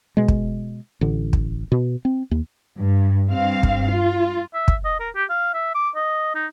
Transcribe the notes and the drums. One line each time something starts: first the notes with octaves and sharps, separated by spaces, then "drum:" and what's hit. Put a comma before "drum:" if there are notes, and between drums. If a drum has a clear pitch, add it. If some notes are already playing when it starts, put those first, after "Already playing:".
B2 G#3
drum: kick
A1 D3
drum: kick
B2
C4
D#2
G2
G2 C4 F5
drum: kick
F4
E5
drum: kick
D#5
A#4
G4
F5
E5
D6
D#5
D#4